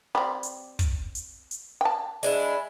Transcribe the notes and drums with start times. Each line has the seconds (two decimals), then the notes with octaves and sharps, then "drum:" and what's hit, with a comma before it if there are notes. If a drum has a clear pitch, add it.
0.15 G3 C4
0.43 drum: hi-hat
0.79 drum: kick, hi-hat
1.15 drum: hi-hat
1.51 drum: hi-hat
1.81 G5 A5
2.23 G#3 D4 E4, drum: open hi-hat